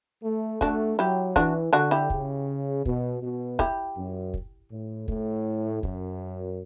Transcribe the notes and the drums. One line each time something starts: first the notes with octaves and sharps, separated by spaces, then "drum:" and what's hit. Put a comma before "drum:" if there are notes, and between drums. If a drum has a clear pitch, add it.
A3
A3 D4 F#4, drum: kick
F#3 E4 G4
E3 D4 F#4, drum: kick
D3 D4 F#4
E4 G4
C#3, drum: kick
B2, drum: kick
B2
E4 G4, drum: kick
F#2
drum: kick
A2
A2, drum: kick
F#2, drum: kick